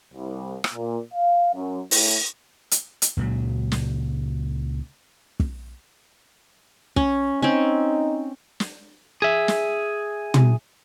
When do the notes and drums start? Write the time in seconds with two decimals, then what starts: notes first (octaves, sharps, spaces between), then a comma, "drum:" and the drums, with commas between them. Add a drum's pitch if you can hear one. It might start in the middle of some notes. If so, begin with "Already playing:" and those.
0.13 C2
0.64 drum: rim click
0.73 A#2
1.14 F5
1.55 F#2
1.91 A2, drum: open hi-hat
2.71 drum: hi-hat
3.02 drum: hi-hat
3.17 C#2 A#2 C#3 F#3
3.72 drum: snare
5.40 drum: kick
6.96 C#4, drum: kick
7.42 C4 C#4 D#4
8.60 drum: snare
9.22 G#4 E5
9.48 drum: snare
10.34 drum: tom